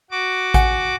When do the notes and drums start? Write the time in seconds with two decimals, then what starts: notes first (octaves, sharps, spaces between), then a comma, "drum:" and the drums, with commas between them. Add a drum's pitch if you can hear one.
0.11 F#4 D6
0.54 F#5 G#5, drum: kick A1, hi-hat